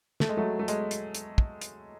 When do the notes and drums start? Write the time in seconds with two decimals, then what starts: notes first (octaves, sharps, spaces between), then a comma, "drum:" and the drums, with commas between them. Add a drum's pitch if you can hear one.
0.20 A3, drum: snare
0.29 G#3
0.37 F#3 A3
0.59 A3
0.68 G#3, drum: hi-hat
0.91 drum: hi-hat
1.15 drum: hi-hat
1.38 drum: kick
1.62 drum: hi-hat